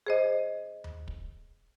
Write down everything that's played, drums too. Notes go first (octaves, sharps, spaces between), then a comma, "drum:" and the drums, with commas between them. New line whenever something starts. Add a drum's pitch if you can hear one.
G#4 C5 D#5
drum: tom D#2
drum: kick